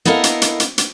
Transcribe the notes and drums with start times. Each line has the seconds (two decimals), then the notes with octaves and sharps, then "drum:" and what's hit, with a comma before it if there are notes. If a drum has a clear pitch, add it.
0.05 B3 E4 A4 A#4 D#5 F5
0.24 drum: hi-hat
0.42 drum: hi-hat
0.60 drum: hi-hat
0.78 drum: hi-hat